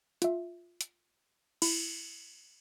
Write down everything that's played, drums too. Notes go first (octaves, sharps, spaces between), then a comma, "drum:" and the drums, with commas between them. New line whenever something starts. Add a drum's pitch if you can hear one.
F4 E5, drum: hi-hat
drum: hi-hat
E4, drum: cymbal